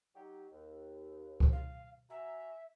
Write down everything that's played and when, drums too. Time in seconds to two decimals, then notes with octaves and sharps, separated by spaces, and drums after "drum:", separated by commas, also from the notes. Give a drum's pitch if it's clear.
0.16 F#3 D#4 G4
0.52 D#2
1.40 drum: kick C#2
1.52 F5
2.10 F#4 E5 G#5 A#5